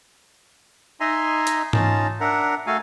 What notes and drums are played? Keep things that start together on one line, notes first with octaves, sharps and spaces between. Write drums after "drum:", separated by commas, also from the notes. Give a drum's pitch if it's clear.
D#4 D#5 E5 G#5 A#5 C6
drum: hi-hat
C#4 D#4 F4 A5 A#5, drum: tom G#2
D4 A#4 E5 F#5 A#5
A3 F#4 A4 F5 G#5